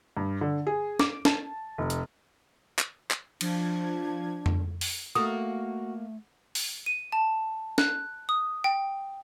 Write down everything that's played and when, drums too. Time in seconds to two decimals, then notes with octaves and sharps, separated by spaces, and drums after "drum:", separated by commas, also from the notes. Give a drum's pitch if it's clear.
0.17 G2
0.41 D3
0.67 G#4
1.00 D6, drum: snare
1.25 A5, drum: snare
1.78 F1
1.90 drum: hi-hat
2.79 drum: clap
3.11 drum: clap
3.41 F3 D4 G#6, drum: cymbal
4.46 drum: tom F2
4.81 drum: open hi-hat
5.15 A3 A#3 F#4 A4 A#4 D#6
6.55 drum: open hi-hat
6.86 D#7
7.12 A5
7.78 F#6, drum: snare
8.29 D#6
8.64 G5